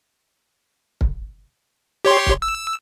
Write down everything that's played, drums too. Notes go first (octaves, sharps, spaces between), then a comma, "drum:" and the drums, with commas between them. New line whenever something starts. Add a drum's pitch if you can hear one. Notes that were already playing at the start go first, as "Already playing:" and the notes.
drum: kick
G4 C#5 C6
drum: kick
E6